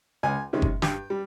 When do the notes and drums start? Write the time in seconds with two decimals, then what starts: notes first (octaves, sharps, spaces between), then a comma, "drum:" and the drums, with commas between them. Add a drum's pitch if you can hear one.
0.23 C#2 G#5
0.53 C3 D#3 G#3 C#4
0.62 drum: kick F#1
0.82 G2 G5, drum: snare
1.10 G3